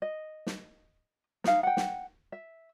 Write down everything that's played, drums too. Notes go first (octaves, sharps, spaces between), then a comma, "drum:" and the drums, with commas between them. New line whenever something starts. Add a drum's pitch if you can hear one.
D#5
drum: snare
D#4 F5, drum: snare
F#5 G5
drum: snare
E5